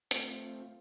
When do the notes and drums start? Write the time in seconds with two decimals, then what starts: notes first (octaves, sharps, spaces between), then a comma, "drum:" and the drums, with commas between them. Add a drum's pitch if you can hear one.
0.11 A3 C4 F4, drum: hi-hat